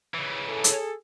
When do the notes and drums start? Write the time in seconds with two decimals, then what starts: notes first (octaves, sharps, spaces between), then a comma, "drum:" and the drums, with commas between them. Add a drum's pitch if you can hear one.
0.14 C#3 E3
0.49 G#4 A4
0.64 drum: hi-hat